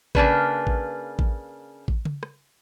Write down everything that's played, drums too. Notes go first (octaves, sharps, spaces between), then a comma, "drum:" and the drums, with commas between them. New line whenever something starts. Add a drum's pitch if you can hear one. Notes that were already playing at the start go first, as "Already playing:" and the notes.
C#3 A#3 D4 B4, drum: kick A1
drum: kick A1
drum: kick A1
drum: kick A1
drum: tom C#3
drum: rim click